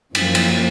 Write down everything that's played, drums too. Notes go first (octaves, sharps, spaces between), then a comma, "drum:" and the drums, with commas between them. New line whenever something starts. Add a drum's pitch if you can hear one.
F#2 F3 A#3, drum: cymbal
drum: cymbal